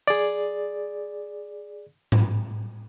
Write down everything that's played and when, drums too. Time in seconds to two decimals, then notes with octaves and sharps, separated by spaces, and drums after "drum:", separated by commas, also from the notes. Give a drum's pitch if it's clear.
0.07 G#4 D5, drum: tambourine
2.12 drum: tom G#2